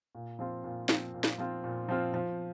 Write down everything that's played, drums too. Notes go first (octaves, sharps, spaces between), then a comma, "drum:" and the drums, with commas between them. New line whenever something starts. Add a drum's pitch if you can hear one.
A#2
F3 C4 F4
A#2
F3 C4 F4, drum: snare
A#2
drum: snare
F3 C4 F4
A#2
F3 C4 F4
F3